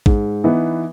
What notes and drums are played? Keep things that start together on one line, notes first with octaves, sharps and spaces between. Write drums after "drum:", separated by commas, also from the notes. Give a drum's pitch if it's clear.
G#2, drum: kick
E3 B3 D#4